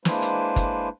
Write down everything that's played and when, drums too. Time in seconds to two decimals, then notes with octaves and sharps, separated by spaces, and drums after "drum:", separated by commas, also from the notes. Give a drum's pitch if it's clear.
0.05 G#3 A#3 D4 E4 B4 C5, drum: snare
0.22 drum: hi-hat
0.56 drum: kick, hi-hat